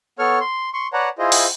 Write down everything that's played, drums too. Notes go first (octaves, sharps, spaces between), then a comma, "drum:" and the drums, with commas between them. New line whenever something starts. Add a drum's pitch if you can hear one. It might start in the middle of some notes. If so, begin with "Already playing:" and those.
B3 A4 C#5 C#6 F6
C6
C6 C#6
B4 C#5 D5 F#5 A5 A#5
E4 F4 G#4 C5 D#5
drum: open hi-hat